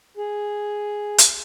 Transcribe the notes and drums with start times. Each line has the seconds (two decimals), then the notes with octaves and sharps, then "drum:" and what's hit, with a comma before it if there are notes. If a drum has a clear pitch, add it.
0.17 G#4
1.18 drum: hi-hat